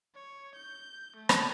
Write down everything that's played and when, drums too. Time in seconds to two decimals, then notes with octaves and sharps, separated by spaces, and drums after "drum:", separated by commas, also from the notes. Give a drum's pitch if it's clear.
0.14 C#5
0.55 G6
1.16 A3
1.29 drum: rim click